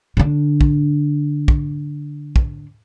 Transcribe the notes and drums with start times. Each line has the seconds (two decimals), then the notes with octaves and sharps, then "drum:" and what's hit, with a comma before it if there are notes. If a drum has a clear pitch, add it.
0.17 D3 D4
0.61 drum: kick
1.48 drum: kick
2.36 drum: kick